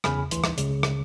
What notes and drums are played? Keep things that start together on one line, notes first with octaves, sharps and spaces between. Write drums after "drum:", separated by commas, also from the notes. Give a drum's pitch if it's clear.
E2 C#3 G#5 B5 F6, drum: rim click
A1 D2 E3 C6, drum: hi-hat
drum: rim click
C#2 C#3, drum: hi-hat
drum: rim click